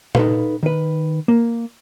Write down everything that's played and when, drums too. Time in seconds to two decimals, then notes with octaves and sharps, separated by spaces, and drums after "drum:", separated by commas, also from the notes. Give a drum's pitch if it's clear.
0.15 D#4 A4 B4 F5, drum: tom A#2
0.63 D#3 B4
1.28 A#3